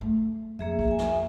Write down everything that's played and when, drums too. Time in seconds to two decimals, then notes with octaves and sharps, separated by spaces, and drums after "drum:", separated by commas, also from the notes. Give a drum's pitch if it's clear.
0.01 A3
0.59 F2 A#3 G#4 E5
0.79 drum: kick
0.88 E5 G#5
0.99 drum: snare